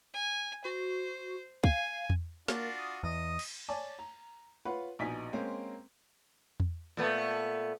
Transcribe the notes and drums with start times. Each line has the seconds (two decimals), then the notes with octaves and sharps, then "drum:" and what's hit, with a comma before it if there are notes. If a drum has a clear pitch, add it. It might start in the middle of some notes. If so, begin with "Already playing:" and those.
0.14 G#5
0.65 F#4 C5
1.64 F5 G#5, drum: kick
2.10 drum: tom E2
2.48 A#3 D4 F4 F#4, drum: snare
2.78 D#6
3.03 E2 D#5
3.39 drum: cymbal
3.69 C#5 D5 G#5 A5
3.99 A#5
4.65 F4 B4 C#5 F#5
4.99 A#1 B2 D#4 D#5 G#5 B6
5.33 G#3 A#3 C4 C#4
6.60 drum: tom E2
6.97 A#2 A3 B3